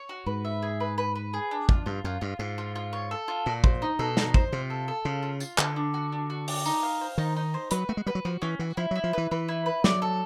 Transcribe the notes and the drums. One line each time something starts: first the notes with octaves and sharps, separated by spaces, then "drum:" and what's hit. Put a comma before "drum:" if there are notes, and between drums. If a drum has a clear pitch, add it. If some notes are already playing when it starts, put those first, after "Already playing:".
Already playing: C#5
F#4
G#2 B4
E5
G#4
B4
B4
B4
G#4
D4
F4, drum: kick
G2 F4
F#2 F4
G2 F4
G#2 F4
F4
F4
C#5
A4
F4
A#2 F#4
C5, drum: kick
D#4
B2 A4
D#4, drum: snare
C5, drum: kick
C3 F4
A4
A4
C#3 F4
F4
F4, drum: tambourine
D3 D4, drum: clap
D4
F#4
D4
F#4
D4, drum: open hi-hat
D#4, drum: tambourine
F5
C5
D#3 D#4
D#4
C5
F#3 B4, drum: hi-hat
A3 F#4
G#3
G3 B4
F#3
F3 F#4
E3 C#4
E3 F#4
F3 E4
F#3
E4
F3
E3 B4
E3 B4
E4
B4
F#3 D5, drum: snare
A4